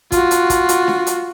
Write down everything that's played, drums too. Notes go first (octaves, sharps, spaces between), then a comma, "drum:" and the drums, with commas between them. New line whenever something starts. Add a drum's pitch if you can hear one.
F4 F#4, drum: kick, hi-hat
drum: hi-hat
drum: kick, hi-hat
drum: hi-hat
drum: snare D4
drum: hi-hat